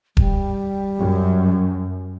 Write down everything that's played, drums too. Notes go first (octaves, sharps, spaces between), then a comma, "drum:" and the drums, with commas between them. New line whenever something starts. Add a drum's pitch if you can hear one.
G3, drum: kick E1
F#2